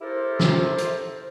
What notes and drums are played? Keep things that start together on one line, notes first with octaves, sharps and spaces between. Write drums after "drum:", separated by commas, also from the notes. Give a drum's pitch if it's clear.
E4 G4 A4 A#4 C5
drum: snare
drum: hi-hat